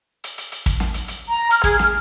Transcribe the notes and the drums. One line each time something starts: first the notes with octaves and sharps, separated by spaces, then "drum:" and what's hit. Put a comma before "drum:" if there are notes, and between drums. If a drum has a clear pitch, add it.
drum: hi-hat
drum: hi-hat
drum: hi-hat
drum: kick, hi-hat
drum: snare
drum: hi-hat
drum: hi-hat
A#5
F6, drum: hi-hat
G#4, drum: kick, hi-hat
F6, drum: snare